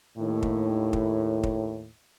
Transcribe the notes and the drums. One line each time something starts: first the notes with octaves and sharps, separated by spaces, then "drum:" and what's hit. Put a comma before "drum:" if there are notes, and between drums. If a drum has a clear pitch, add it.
D#2 A2
drum: kick
drum: kick
drum: kick